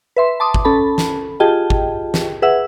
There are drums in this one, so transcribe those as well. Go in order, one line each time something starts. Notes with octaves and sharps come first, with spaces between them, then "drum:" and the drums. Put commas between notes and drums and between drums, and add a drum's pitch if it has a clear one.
B4 E5 C6
A5 C6 D6 D#6
drum: kick G#1
C#4 A4 A5 B5
drum: snare
F4 G4 G#4 D#5 G5 A5
drum: kick G#1
drum: snare
G#4 B4 E5 F#5 E6